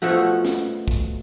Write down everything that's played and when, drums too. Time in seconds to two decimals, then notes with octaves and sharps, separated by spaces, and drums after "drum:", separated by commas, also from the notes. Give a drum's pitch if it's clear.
0.02 B2 F3 A3 F#4
0.45 drum: snare
0.88 drum: kick